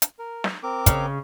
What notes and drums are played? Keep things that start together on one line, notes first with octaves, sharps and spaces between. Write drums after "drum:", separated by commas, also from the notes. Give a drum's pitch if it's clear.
drum: hi-hat
A#4
drum: snare
C4 A#4 D6
C#3, drum: kick, hi-hat